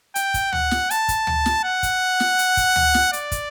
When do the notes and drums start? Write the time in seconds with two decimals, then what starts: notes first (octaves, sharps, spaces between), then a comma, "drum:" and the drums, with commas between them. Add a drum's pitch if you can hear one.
0.15 G5, drum: hi-hat
0.34 drum: kick, hi-hat
0.53 F#5, drum: tom D2
0.71 drum: snare
0.90 A5, drum: hi-hat
1.08 drum: kick, hi-hat
1.27 drum: tom D2
1.46 drum: snare
1.65 F#5
1.83 drum: kick, hi-hat
2.20 drum: snare
2.39 drum: hi-hat
2.57 drum: kick, hi-hat
2.76 drum: tom D2
2.94 drum: snare
3.13 D5, drum: hi-hat
3.32 drum: kick, hi-hat